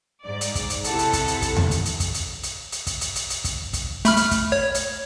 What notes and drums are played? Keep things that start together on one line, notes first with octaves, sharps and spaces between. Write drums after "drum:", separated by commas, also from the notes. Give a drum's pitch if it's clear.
G#2 D5
drum: hi-hat
drum: kick, hi-hat
drum: hi-hat
C3 E4 A4 F#5 A5, drum: hi-hat
drum: hi-hat
drum: kick, hi-hat
drum: hi-hat
drum: kick, hi-hat
drum: tom E2
drum: hi-hat
drum: hi-hat
drum: kick, hi-hat
drum: hi-hat
drum: hi-hat
drum: hi-hat
drum: kick, hi-hat
drum: hi-hat
drum: hi-hat
drum: hi-hat
drum: kick, hi-hat
drum: kick, hi-hat
A3 B5 F6, drum: hi-hat
drum: hi-hat
drum: kick, hi-hat
C#5
drum: hi-hat